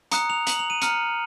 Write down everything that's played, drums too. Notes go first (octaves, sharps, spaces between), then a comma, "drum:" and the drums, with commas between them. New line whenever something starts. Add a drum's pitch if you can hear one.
A#5 D#6 F#6 C#7, drum: hi-hat
F7
F#7, drum: hi-hat
F7
D#7
A#5 F6 C#7, drum: hi-hat